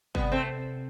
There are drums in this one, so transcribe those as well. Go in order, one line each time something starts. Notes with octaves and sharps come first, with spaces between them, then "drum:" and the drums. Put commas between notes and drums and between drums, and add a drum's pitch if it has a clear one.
C3 G3 B3, drum: kick
A3 C4